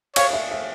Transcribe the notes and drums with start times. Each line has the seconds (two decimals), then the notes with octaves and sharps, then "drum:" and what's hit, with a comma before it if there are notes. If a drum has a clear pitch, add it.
0.16 C#5 F5, drum: cymbal
0.33 E5
0.51 E5